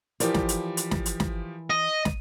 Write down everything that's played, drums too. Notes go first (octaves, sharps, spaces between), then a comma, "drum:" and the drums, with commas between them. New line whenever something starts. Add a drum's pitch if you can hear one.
E3 F3 G4 A#4 D5, drum: hi-hat
drum: snare
drum: hi-hat
drum: hi-hat
drum: snare
drum: hi-hat
drum: snare
D#5
drum: snare